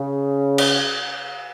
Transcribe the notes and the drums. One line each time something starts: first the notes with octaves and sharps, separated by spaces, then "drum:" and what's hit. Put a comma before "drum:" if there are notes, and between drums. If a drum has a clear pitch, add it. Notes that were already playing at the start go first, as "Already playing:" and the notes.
Already playing: C#3
drum: cymbal